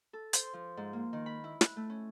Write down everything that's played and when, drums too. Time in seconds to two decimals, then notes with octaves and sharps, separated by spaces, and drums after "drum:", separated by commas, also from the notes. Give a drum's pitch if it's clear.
0.13 A4
0.33 C5, drum: hi-hat
0.53 F3
0.77 G#2
0.93 A#3
1.13 D#3
1.26 B5
1.44 E4
1.61 F#6, drum: snare
1.76 A3
1.90 C#4